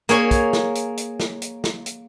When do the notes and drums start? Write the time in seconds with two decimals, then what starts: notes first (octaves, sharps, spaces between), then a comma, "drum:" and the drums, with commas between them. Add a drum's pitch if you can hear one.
0.09 A#3 G#4 C#5 G#5, drum: hi-hat
0.31 drum: kick, hi-hat
0.53 drum: snare
0.75 drum: hi-hat
0.97 drum: hi-hat
1.20 drum: snare
1.42 drum: hi-hat
1.64 drum: snare
1.86 drum: hi-hat